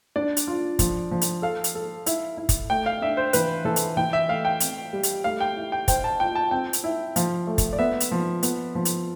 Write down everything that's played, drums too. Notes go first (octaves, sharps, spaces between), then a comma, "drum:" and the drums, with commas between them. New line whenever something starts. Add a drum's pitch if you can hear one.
D4 D5
drum: hi-hat
F4
F3, drum: kick, hi-hat
F3
drum: hi-hat
A4 F5
drum: hi-hat
A4
E4, drum: hi-hat
E4
drum: kick, hi-hat
A3 G5
F5
D4 E5
C5
E3 B4, drum: hi-hat
E3 A4
drum: hi-hat
E3 G5
E5
A3 F5
G5
C4, drum: hi-hat
G3
drum: hi-hat
A3 F5
G5
E4
G5
C5 G5, drum: kick, hi-hat
A5
F4 G5
A5
C4 G5
drum: hi-hat
E4
F3 F5, drum: hi-hat
A3
drum: kick, hi-hat
D5
B3 E5
drum: hi-hat
F3
B3, drum: hi-hat
F3
drum: hi-hat